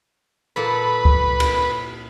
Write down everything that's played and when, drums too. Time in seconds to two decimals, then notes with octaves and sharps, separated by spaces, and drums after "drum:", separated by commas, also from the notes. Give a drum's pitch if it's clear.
0.56 A#2 A#3 A4 B4
1.05 drum: kick C#2
1.40 drum: cymbal